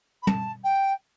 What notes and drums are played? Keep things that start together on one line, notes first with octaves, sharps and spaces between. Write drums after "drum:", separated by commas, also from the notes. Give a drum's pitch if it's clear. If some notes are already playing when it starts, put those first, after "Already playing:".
B5
A5, drum: tom
G5